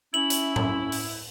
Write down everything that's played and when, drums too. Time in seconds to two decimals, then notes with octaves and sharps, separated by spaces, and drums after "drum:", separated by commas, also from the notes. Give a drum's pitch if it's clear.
0.14 C#4 E4 F#7
0.30 drum: hi-hat
0.56 drum: tom
0.92 drum: open hi-hat